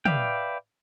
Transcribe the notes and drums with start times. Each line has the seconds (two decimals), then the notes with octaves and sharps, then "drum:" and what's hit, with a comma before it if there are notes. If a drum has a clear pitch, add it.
0.05 B4 D5 E5 F5 G5, drum: tom